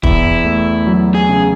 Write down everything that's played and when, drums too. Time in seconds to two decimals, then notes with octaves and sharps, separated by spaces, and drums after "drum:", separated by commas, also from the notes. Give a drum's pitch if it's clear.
0.03 E2 E4, drum: kick
0.45 A3
0.87 F#3
1.15 G#4
1.29 C#3